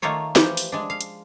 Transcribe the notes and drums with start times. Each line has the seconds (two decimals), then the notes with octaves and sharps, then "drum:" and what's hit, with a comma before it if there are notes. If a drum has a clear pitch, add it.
0.02 D#3 A3 A#3 F4 C#5
0.36 E3 F3 G4, drum: snare
0.57 drum: open hi-hat
0.72 G#3 D4
0.90 F5
1.01 drum: hi-hat